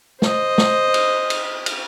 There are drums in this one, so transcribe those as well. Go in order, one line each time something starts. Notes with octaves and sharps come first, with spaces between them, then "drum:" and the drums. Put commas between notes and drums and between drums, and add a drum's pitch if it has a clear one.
C5 D#5, drum: snare
drum: snare
drum: cymbal
drum: cymbal
drum: cymbal